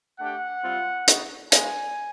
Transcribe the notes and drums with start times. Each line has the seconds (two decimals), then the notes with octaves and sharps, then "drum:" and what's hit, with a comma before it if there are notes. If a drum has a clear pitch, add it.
0.19 A3 D4 G4 F#5
0.63 G3 C4 F4
1.08 B3 D#4 F#4, drum: hi-hat
1.52 G#3 B3 D#4 F#4 G#5, drum: hi-hat